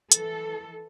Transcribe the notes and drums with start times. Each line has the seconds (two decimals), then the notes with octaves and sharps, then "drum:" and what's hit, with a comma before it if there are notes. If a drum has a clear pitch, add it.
0.12 E3 A4, drum: hi-hat